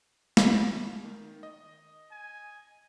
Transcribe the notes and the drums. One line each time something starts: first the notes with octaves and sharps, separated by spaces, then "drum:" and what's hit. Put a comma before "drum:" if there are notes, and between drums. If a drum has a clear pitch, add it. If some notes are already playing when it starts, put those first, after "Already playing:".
drum: snare
D#3
D#5
G#5